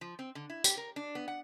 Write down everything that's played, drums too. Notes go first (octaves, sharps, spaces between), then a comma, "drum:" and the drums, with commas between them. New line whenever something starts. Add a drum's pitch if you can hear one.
F3
C4
D3
E4
G4, drum: tambourine
A#4
D4
B3
F#5